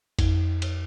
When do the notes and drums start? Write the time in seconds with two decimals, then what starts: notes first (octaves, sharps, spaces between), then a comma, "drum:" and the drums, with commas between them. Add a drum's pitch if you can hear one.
0.19 F2, drum: kick G#1, cymbal
0.62 drum: cymbal